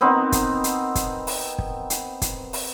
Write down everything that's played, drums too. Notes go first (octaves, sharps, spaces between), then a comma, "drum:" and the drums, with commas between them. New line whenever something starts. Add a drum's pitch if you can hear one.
B3 C4 D#4 A#4
drum: kick, hi-hat
drum: hi-hat
drum: kick, hi-hat
drum: open hi-hat
drum: kick
drum: hi-hat
drum: kick, hi-hat
drum: open hi-hat